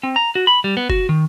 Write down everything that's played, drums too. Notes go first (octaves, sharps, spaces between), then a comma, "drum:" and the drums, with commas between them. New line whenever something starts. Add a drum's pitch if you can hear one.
C4
A#5
F#4
B5
G3
B3
F#4, drum: kick F#1
D#3